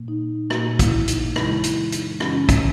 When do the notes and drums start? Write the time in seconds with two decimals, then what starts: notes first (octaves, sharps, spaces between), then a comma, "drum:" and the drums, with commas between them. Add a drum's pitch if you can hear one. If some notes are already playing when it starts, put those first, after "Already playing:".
Already playing: A#2 A#3
0.08 D#4
0.50 A#2 A#3 F#4, drum: rim click
0.79 E4, drum: kick, hi-hat
1.08 D#4, drum: hi-hat
1.36 F#2 C#3 E3 G#3 E4, drum: rim click
1.64 E4, drum: hi-hat
1.92 D#4, drum: hi-hat
2.20 F#2 C#3 E3 G#3 C#4, drum: rim click
2.49 drum: kick, hi-hat